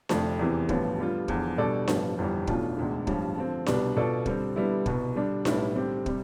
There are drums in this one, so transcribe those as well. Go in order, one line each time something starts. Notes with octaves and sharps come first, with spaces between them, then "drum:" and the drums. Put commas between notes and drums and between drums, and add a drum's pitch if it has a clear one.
F1 F2 D3 A3 D4, drum: snare D4
E2 C3 E3
A1 G2 D3 F3 B3, drum: kick
D3 G3 B3 F4
E2 D3 F3, drum: kick
B2 G3 D4 A4 D5
A1 G2 F3 B3, drum: snare D4
G1 F2 E3 G3
B1 B2 A3 D4 F4, drum: kick
E1 D2 D3
A1 G2 F3, drum: kick
D3 F3 C4
C2 B2 G3 B3 D4, drum: snare D4
B2 B3 F4 A4 D5
D3 G3 C4, drum: kick
D3 G3 B3 E4
C2 B2 B3, drum: kick
D3 G3 D4
B1 A2 G3 B3 E4, drum: snare D4
D3 G3 C4 G4
C3 G3, drum: kick